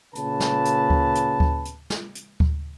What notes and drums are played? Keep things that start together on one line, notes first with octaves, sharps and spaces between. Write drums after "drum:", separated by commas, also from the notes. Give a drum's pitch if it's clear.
A#2 C#3 B4 A5, drum: hi-hat
drum: snare
drum: hi-hat
drum: kick D2
drum: hi-hat
drum: kick D2
drum: hi-hat
drum: snare
drum: hi-hat
drum: kick D2